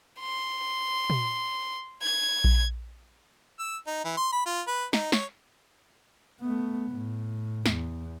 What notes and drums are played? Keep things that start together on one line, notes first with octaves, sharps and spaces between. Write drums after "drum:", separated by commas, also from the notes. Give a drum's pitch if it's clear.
C6
drum: tom A#2
G#6
drum: kick A#1
E6
D#4
E3
C6
B5
F4
B4
D#4, drum: snare
C#5, drum: snare
A3 B3
A2
E2, drum: snare